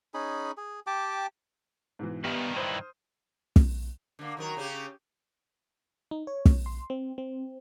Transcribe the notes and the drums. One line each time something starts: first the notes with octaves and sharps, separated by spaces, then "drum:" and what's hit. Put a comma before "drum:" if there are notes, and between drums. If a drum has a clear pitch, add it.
C#4 D#4 G#4 B5
G#4
G4 G5 A5 D6
G#2 B2 E3
G2 D#3 B3 G4 E5 F6
E4 B4 C5 D#5 D#6
drum: kick
D3 A#3
D#3 F#3 A#4
C#3 C#4 G4
D#4
C#5
drum: kick
C6
C4
C4